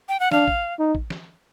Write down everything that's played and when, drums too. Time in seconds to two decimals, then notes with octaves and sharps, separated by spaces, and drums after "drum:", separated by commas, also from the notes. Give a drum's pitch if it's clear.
0.09 G5
0.20 F#5
0.32 D4 F5, drum: snare
0.48 drum: kick
0.79 D#4
0.95 drum: kick
1.10 drum: snare